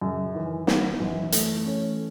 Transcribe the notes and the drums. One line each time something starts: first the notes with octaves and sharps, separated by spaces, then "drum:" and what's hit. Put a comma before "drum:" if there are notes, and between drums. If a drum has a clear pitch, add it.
F#2 C#3
D#3 E3
D#3 B3, drum: snare
F#2 E3
A3, drum: hi-hat
C#4